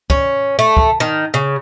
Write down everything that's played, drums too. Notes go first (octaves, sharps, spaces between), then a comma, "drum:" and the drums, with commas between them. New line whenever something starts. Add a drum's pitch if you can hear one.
C#4, drum: kick
A3
drum: kick
D#3
C#3